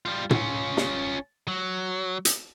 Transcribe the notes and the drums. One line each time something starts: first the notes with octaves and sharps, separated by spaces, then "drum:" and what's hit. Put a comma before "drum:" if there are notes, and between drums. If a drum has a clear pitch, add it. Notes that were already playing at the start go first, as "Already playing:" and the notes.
G3 F4
C#4 F4, drum: tom
drum: snare
F#3
drum: hi-hat